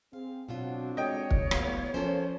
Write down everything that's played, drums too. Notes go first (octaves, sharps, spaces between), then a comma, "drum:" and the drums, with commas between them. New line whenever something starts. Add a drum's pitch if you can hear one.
C4 G#4 F5
B2 F#3 C4 D4 F4 F#4
G#3 C#5 D#5 G5
drum: kick
A2 F#3 G3 B3 F5, drum: rim click
F3 C#4 A4 A#4 C5